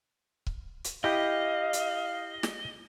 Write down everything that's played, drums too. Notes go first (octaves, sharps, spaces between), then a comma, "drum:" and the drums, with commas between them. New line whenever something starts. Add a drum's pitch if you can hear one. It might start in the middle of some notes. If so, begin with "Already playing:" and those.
drum: kick C#1
drum: hi-hat
E4 G4 D#5 F5 G5 G6
drum: hi-hat
drum: snare